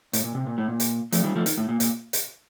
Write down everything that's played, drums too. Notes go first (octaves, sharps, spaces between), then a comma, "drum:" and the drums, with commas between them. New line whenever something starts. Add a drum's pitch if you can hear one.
A2, drum: hi-hat
A#2
C3
A#2
A2
A#2
drum: hi-hat
F3 A3, drum: hi-hat
D#3 G3
F3 A3
D#3, drum: hi-hat
A2
A#2
A#2, drum: hi-hat
drum: hi-hat